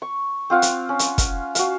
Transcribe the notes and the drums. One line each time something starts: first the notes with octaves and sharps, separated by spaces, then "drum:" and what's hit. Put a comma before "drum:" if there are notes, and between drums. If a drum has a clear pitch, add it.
C#6
C4 F4 F5 F#5
drum: hi-hat
C#4
drum: hi-hat
drum: kick, hi-hat
F#4 F5, drum: hi-hat